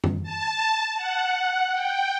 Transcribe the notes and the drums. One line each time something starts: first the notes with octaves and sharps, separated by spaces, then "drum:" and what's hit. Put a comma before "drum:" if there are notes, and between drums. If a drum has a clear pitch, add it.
drum: tom
A5
F#5
G5